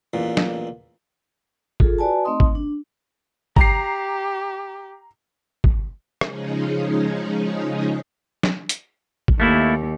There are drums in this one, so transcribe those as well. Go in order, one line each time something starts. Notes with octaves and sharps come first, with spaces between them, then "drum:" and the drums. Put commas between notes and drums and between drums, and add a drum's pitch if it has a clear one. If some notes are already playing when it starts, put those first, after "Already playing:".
A1 E2 A#2
drum: snare
F4 G#4 A4, drum: kick
F#4 B4 D5 G#5 A5
A3 C4 D#4 D#5 C6 D#6
drum: kick
D4
G4 A#5 C7, drum: kick
drum: kick
C#3 F3 G#3 C#4 D#4 G#4, drum: rim click
drum: snare
drum: hi-hat
drum: kick
D#2 A3 A#3 E4